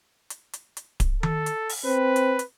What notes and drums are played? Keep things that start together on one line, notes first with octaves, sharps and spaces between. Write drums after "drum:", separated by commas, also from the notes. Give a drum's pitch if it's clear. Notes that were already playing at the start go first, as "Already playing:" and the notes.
drum: hi-hat
drum: hi-hat
drum: hi-hat
drum: kick D1, hi-hat
A4, drum: tom D#3
drum: hi-hat
drum: open hi-hat
C4 B4
drum: hi-hat
drum: hi-hat